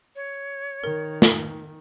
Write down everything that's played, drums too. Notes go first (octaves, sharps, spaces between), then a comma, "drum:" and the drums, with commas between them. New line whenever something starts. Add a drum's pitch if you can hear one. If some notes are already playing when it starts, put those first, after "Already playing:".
C#5
D#3 A#4
drum: snare